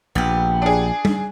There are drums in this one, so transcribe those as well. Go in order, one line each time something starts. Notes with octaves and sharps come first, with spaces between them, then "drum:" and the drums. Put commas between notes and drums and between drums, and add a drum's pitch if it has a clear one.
A#1 B3 G4
D4 G#4
drum: tom G3